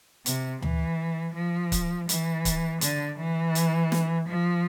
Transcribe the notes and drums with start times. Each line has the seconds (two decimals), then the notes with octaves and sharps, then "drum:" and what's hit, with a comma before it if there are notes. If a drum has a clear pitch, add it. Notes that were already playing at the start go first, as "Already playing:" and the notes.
0.26 C3, drum: hi-hat
0.62 E3, drum: tom D2
1.35 F3
1.72 drum: kick C#1, hi-hat
2.09 E3, drum: hi-hat
2.45 drum: kick C#1, hi-hat
2.81 D3, drum: hi-hat
3.18 E3
3.55 drum: hi-hat
3.92 drum: snare
4.28 F3